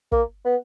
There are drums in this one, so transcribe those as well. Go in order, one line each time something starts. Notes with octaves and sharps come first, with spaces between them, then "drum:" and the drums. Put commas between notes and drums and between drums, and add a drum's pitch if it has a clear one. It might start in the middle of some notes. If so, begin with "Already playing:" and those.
A#3, drum: kick
B3